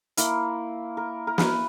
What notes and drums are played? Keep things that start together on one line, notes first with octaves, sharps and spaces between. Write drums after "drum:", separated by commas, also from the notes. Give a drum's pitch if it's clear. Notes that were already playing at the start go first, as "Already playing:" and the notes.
A#3 E4 A#4, drum: hi-hat
A#4
A#4
B4, drum: snare